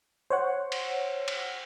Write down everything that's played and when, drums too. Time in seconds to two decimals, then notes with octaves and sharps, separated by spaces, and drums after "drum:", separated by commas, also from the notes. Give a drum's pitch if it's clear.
0.30 C5 C#5 F#5
0.72 drum: cymbal
1.28 drum: cymbal